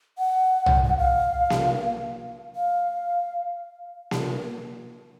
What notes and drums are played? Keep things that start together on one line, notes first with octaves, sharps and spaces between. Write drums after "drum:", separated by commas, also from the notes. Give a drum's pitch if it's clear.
F#5
drum: tom
F#5
F5
drum: snare A#3
F5
drum: snare A#3